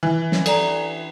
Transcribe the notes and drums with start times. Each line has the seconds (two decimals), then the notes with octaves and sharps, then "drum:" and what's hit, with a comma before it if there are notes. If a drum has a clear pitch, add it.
0.03 E3
0.32 drum: snare
0.46 A4 D5 A#5, drum: cymbal